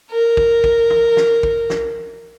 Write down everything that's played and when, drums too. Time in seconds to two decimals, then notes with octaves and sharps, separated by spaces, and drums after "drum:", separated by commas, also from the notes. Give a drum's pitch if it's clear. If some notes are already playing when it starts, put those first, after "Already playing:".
0.11 A#4
0.37 drum: kick
0.64 drum: kick
0.90 drum: tom
1.17 drum: snare
1.43 drum: kick
1.70 drum: snare